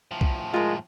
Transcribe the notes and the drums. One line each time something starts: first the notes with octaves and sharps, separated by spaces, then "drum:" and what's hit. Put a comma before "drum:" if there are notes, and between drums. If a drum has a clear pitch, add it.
A2 F3
drum: kick B1
G#3 F4 A#4